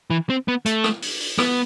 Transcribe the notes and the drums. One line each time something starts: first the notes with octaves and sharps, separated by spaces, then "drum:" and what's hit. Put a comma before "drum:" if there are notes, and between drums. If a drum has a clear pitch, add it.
E3
C4
B3
A3, drum: hi-hat
drum: rim click
drum: open hi-hat
drum: open hi-hat
B3, drum: rim click